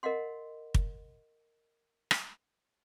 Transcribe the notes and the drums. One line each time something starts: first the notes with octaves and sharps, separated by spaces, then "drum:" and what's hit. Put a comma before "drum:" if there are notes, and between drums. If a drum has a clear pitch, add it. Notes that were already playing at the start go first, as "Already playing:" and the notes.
A#4 D#5 F5 F#5 C6
drum: kick
drum: rim click